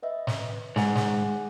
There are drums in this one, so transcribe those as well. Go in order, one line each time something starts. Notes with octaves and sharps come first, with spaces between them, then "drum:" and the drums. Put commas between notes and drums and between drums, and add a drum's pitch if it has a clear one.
B4 D#5 E5
drum: snare
G#2 G#4 F#5, drum: snare
drum: snare